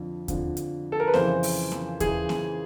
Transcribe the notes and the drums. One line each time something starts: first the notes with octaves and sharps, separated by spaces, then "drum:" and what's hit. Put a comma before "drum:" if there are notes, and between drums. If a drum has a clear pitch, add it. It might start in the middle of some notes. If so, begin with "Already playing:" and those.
Already playing: F2 D3 F3
F2 D3 F3, drum: kick D#2, hi-hat
drum: hi-hat
A4
A#4
B4
F2 C#3 E3 C5, drum: snare B3
drum: open hi-hat
drum: snare B3
C#3 E3 G#4, drum: kick D#2, hi-hat
drum: snare B3